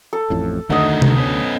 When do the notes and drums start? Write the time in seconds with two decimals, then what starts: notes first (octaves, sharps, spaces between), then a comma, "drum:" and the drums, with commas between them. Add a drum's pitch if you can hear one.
0.13 A4
0.30 A1 F2 A2
0.70 D2 D3 D#3 A3 D#5 F#5
1.02 drum: tom C3
1.17 B3 C#4